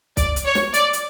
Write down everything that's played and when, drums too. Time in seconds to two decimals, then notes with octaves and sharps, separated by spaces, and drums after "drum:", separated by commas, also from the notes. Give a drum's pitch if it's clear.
0.17 D5, drum: kick, hi-hat
0.36 drum: hi-hat
0.45 C#5
0.55 drum: snare
0.74 D5, drum: hi-hat
0.93 drum: hi-hat